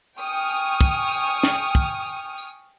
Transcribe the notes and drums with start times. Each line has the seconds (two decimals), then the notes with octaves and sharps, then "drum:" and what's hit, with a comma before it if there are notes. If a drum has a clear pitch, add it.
0.18 G5 G#5 C#6 D#6 F6, drum: tambourine
0.49 drum: tambourine
0.81 drum: kick, tambourine
1.12 drum: tambourine
1.43 drum: snare
1.75 drum: kick
2.06 drum: tambourine
2.38 drum: tambourine